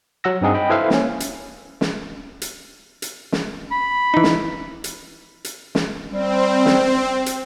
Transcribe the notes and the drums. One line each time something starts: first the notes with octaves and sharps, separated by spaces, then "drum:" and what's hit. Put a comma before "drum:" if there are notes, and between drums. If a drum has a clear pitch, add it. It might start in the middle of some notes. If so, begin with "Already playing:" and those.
F#3 F#5 E6 A#6
G2 C4 D#4 G#4 F#5
D#5 G5 B5
E4 A4 B4 C5 E5 F5
A#3 C#4, drum: snare
drum: hi-hat
drum: snare
drum: hi-hat
drum: hi-hat
drum: snare
B5
E3 D#4
drum: snare
drum: hi-hat
drum: hi-hat
drum: snare
G3 C4
drum: snare
drum: hi-hat